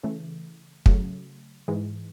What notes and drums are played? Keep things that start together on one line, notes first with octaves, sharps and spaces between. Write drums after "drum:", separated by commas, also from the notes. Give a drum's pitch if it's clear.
C#3 E3 A3
C#3 F#3 A3, drum: kick
G#2 E3 G#3